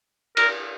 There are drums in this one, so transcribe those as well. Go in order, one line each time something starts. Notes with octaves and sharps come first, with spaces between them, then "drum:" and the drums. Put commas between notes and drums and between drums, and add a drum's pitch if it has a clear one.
A#4, drum: cymbal